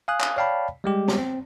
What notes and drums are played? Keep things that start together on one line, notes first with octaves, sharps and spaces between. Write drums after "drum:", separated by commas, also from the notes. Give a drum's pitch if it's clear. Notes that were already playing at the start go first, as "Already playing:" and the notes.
F5 G#5 D#6 F#6
drum: clap
C#5 D5 F5 G5 A5 B5
G3 G#3 G4
drum: snare
C4